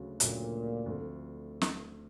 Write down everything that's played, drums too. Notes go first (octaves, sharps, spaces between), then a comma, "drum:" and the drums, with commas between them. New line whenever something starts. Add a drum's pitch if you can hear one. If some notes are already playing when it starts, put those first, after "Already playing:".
Already playing: D2 C#3 F#3
D2 A#2 C#3 F#3, drum: hi-hat
D2 D3 F3 A3 C4
drum: snare